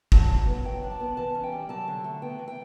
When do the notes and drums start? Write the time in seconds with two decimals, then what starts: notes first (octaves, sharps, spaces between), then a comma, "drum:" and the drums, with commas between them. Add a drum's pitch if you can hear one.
0.12 F#3 A5, drum: kick
0.29 C#3
0.47 B3
0.64 F#3 G5
0.83 D4
0.91 A5
1.00 B3
1.17 E3 A5
1.35 C#4
1.43 G5
1.52 G3
1.69 F#3 A5
1.88 D3
2.04 A3
2.22 B3 G5
2.39 E3
2.48 G5